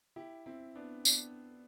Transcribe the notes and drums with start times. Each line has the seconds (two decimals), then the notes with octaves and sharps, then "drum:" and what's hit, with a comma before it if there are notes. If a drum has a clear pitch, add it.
0.16 E4 G4
0.46 C4 E4
0.75 B3 D4
1.05 B3 D4, drum: tambourine